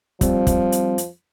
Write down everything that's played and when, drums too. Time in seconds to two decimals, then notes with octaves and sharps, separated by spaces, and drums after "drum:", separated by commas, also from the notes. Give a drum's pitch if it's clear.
0.21 F3 G3 C4, drum: kick, hi-hat
0.47 drum: kick, hi-hat
0.72 drum: hi-hat
0.98 drum: hi-hat